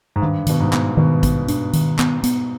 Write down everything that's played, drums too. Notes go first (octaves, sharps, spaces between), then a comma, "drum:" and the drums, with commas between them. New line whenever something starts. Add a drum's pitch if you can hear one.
G#2
G2 D#3
B2 D#3, drum: hi-hat
G#2
B3, drum: clap
B2 D#3
B3, drum: kick A1, hi-hat
D4, drum: hi-hat
D#3, drum: hi-hat
B3, drum: clap
B3, drum: hi-hat